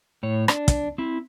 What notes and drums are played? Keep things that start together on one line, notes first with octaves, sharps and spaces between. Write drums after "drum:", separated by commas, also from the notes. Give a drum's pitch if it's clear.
A2 C#5
D4, drum: rim click
drum: kick, hi-hat
C4 E4